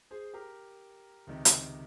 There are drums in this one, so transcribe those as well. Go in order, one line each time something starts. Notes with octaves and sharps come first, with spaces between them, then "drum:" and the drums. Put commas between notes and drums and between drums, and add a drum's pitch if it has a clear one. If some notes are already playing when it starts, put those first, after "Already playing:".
G#4 C5
G4 A#4
C#2 C3 D#3
drum: hi-hat